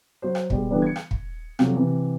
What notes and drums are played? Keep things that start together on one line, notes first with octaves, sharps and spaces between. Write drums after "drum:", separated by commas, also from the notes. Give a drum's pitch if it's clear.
F#3 F#4 C5
drum: rim click
B2 G3 G#3, drum: kick
D3 E3 G3 B3 D4
G#6 C#7
drum: rim click
drum: kick
C3 F3 F#3 A3, drum: rim click
C3 E3